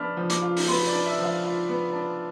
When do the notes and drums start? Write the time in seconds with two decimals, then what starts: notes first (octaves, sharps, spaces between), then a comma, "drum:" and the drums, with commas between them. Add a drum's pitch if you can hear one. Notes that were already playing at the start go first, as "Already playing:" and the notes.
Already playing: F3 B3 D4 F4 F6 B6
0.17 F3
0.30 D6, drum: hi-hat
0.42 F4
0.57 drum: open hi-hat
0.68 B3 C6
0.87 D5
0.93 D4
1.05 E5
1.19 F3
1.24 F5
1.43 F4
1.68 B3
1.93 D4